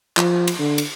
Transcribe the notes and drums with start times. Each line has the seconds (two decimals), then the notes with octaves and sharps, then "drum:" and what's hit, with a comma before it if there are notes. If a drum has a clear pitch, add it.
0.17 F3, drum: clap
0.48 drum: cymbal
0.59 D3
0.78 drum: cymbal